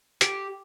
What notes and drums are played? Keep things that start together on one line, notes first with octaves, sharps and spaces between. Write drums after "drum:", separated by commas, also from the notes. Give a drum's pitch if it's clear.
G4, drum: hi-hat